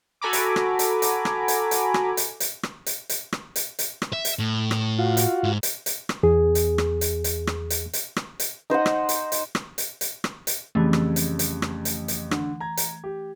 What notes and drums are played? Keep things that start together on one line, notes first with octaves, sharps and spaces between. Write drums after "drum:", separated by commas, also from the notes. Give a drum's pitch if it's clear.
F#4 A4 G#5 A#5 B5 D6
drum: hi-hat
drum: rim click
drum: hi-hat
drum: hi-hat
drum: rim click
drum: hi-hat
drum: hi-hat
drum: rim click
drum: hi-hat
drum: hi-hat
drum: rim click
drum: hi-hat
drum: hi-hat
drum: rim click
drum: hi-hat
drum: hi-hat
drum: rim click
E5
drum: hi-hat
A2
drum: rim click
F4 F#4
drum: hi-hat
G#2
drum: hi-hat
drum: hi-hat
drum: rim click
E2 G#4
drum: hi-hat
drum: rim click
drum: hi-hat
drum: hi-hat
drum: rim click
drum: hi-hat
drum: hi-hat
drum: rim click
drum: hi-hat
D#4 C5 D#5 F#5
drum: rim click
drum: hi-hat
drum: hi-hat
drum: rim click
drum: hi-hat
drum: hi-hat
drum: rim click
drum: hi-hat
F2 C#3 E3 G3 A3
drum: rim click
drum: hi-hat
drum: hi-hat
drum: rim click
drum: hi-hat
drum: hi-hat
D3, drum: rim click
A#5 G#6
drum: hi-hat
G4